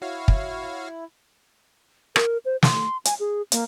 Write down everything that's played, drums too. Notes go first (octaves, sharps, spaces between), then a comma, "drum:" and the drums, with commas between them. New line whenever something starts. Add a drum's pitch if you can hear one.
E4 F#4 C#5 F5
drum: kick
A#4, drum: rim click
C5
C6, drum: snare
G#5, drum: hi-hat
G#4
A#3, drum: hi-hat